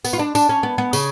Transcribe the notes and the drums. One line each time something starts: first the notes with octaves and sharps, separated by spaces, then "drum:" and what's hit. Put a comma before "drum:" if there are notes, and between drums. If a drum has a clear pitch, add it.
B3, drum: tambourine
F4
D4
D4, drum: tambourine
C#4
B3
B3
C#3, drum: tambourine